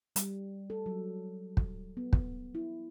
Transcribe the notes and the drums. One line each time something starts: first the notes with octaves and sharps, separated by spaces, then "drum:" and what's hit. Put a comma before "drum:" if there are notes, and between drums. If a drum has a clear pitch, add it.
G3, drum: hi-hat
A4
F#3
drum: kick
B3
drum: kick
E4